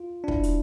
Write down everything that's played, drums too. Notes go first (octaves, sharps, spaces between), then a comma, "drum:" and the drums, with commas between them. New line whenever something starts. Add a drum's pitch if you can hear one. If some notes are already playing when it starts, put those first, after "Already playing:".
Already playing: F4
D4
E4, drum: kick
drum: hi-hat